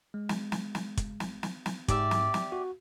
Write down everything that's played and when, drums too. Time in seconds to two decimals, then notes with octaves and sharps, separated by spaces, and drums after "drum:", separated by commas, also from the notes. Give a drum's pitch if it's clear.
0.14 G#3
0.29 drum: snare
0.52 drum: snare
0.75 drum: snare
0.97 drum: kick, hi-hat
1.20 drum: snare
1.43 drum: snare
1.66 drum: snare
1.88 G#2 G4 D5 E5, drum: kick, hi-hat
2.11 drum: snare
2.34 drum: snare
2.52 F#4